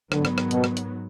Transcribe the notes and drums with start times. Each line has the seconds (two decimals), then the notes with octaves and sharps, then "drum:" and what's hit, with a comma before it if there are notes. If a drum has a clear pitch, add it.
0.12 G#2 D3 D#3 F#3 B3, drum: rim click
0.25 drum: rim click
0.38 drum: rim click
0.51 B2, drum: hi-hat
0.64 drum: rim click
0.77 drum: hi-hat